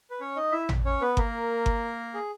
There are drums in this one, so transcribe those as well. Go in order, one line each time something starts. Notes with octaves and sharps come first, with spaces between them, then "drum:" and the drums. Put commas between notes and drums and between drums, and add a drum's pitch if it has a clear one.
B4
C#4 C#5
D#4 D#5
E4 E5
drum: tom
C#4 C#5
B3 B4
A#3 A#4, drum: kick G1
drum: kick G1
G#4